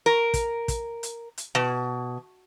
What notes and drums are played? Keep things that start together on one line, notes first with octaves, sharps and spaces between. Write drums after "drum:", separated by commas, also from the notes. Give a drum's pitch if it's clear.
A#4
drum: kick, hi-hat
drum: kick, hi-hat
drum: hi-hat
drum: hi-hat
B2